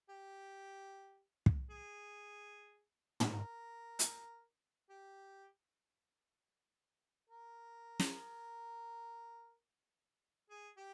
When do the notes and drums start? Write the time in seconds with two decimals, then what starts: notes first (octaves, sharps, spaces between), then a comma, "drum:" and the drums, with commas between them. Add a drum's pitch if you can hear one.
0.09 G4
1.46 drum: kick
1.70 G#4
3.20 drum: tom
3.30 A#4
3.99 drum: hi-hat
4.90 G4
7.30 A#4
7.99 drum: snare
10.50 G#4
10.77 G4